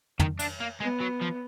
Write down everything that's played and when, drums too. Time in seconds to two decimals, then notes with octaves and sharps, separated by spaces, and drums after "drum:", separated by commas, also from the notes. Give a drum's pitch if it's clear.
0.19 D#3, drum: tom
0.39 D4, drum: cymbal
0.61 A#3
0.80 G#3 B3
1.00 F#3
1.21 F3